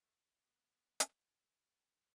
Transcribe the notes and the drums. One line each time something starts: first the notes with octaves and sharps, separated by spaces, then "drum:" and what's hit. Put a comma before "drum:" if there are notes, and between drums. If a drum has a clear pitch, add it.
A3
B3
drum: hi-hat